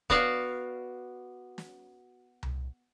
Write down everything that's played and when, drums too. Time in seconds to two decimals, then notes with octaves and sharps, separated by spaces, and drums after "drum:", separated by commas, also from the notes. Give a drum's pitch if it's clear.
0.10 B3 F#4 D5 F5, drum: kick
1.58 drum: snare
2.43 drum: tom C2